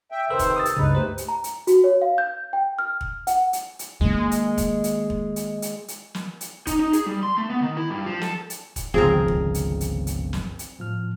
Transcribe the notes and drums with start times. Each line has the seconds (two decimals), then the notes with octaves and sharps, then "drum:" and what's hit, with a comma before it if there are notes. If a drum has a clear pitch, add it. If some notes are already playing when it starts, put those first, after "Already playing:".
0.11 E5 G5
0.30 C3 D#3 A4 B4 C5 E6
0.39 drum: kick E1, hi-hat
0.56 D#6 E6 A6
0.65 drum: hi-hat
0.77 C#2 G2 C#3 D#4 B4
0.95 A3 G4 C5
1.18 drum: hi-hat
1.28 A#5
1.44 drum: hi-hat
1.67 F#4, drum: hi-hat
1.84 C#5
2.02 F5
2.18 G6
2.53 G5
2.79 F6
3.01 drum: kick E1
3.27 F#5, drum: hi-hat
3.53 drum: hi-hat
3.79 drum: hi-hat
4.01 D#3 G#3 A#3
4.31 drum: hi-hat
4.58 drum: kick E1, hi-hat
4.84 drum: hi-hat
5.10 drum: kick E1
5.36 drum: hi-hat
5.62 drum: hi-hat
5.88 drum: hi-hat
6.15 drum: snare
6.41 drum: hi-hat
6.67 D#4, drum: kick E1, hi-hat
6.80 D#4
6.93 G#4, drum: hi-hat
7.06 G3
7.23 C6
7.38 A3
7.50 B3
7.62 D#3
7.77 E4
7.90 G2
8.06 F3
8.21 A4, drum: snare
8.50 drum: hi-hat
8.76 drum: kick E1, hi-hat
8.94 G1 C#2 C3 D#3 F3 C4 G#4 A#4
9.28 drum: kick E1
9.54 drum: hi-hat
9.81 drum: hi-hat
10.07 drum: hi-hat
10.33 drum: snare
10.59 drum: hi-hat
10.79 A2 F3 F6